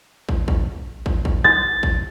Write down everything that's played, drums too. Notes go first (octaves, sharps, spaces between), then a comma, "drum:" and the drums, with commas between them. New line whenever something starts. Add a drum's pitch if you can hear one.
drum: kick
drum: kick
drum: kick
drum: kick
A6
drum: kick